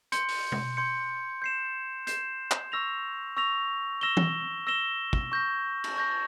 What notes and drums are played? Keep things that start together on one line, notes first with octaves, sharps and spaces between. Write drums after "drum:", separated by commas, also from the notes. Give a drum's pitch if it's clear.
C6 G6 C#7, drum: hi-hat
drum: open hi-hat
drum: tom
C6 G6 C#7
G6 C7 E7
G6 C7 E7, drum: hi-hat
drum: clap
C#6 E6 A#6 F7
C#6 E6 A#6 F7
E6 A#6 E7 G7
drum: tom
E6 A#6 E7 G7
drum: kick
C#6 G6 A#6
drum: cymbal
C#6 G6 A#6